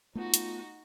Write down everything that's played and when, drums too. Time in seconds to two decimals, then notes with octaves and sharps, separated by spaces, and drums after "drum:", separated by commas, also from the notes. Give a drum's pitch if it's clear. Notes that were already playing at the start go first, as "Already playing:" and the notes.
0.15 A3 B3 D#4 F4 F#4
0.34 drum: hi-hat